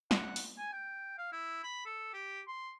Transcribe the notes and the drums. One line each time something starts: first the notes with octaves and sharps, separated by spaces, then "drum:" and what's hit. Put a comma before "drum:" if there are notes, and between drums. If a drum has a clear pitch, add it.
F#5, drum: snare
drum: open hi-hat
G#5
G5
F5
E4
B5
A4
G4
C6